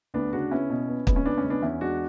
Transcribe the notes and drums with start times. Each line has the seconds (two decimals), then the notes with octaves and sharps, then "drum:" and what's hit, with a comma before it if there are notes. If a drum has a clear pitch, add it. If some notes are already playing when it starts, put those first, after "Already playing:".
0.14 D2 B3 D4
0.33 C#3 D4 F#4
0.51 B3 C#4 E4
0.70 B2
0.89 B3
1.07 C#2 B3, drum: kick
1.16 C#4
1.25 B3 D4
1.38 C#4
1.44 C#2
1.50 B3 D4
1.62 E2 C#4 E4
1.81 G#3 D4 F#4